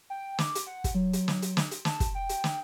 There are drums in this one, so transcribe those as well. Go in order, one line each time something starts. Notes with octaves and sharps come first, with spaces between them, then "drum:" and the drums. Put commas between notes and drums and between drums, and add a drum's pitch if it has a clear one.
G5
D6, drum: snare
drum: hi-hat
F#5
drum: kick, hi-hat
F#3
drum: hi-hat
drum: snare
drum: hi-hat
drum: snare
drum: hi-hat
A5, drum: snare
drum: kick, hi-hat
G5
drum: hi-hat
drum: snare